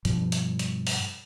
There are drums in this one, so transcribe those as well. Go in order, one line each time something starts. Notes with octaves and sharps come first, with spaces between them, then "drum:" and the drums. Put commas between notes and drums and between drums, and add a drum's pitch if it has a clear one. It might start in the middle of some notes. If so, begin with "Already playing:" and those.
G2 B2 F3 G3, drum: hi-hat
drum: hi-hat
drum: hi-hat
drum: open hi-hat